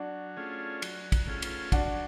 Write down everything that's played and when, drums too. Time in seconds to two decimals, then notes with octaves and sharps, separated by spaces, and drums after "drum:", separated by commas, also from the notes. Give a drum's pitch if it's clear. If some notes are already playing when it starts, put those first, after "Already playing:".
Already playing: F#3 D4 F#4
0.37 A3 C#4 F4 G#4
0.82 F#3, drum: cymbal
1.12 drum: kick, cymbal
1.27 A3 C#4 F4 G#4
1.42 drum: cymbal
1.72 F#3 D4 F#4, drum: kick, cymbal